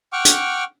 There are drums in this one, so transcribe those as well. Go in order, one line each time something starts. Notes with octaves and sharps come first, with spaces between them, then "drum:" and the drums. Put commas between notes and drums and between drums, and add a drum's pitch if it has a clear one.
F#5 G5 C#6 D6 F6
drum: hi-hat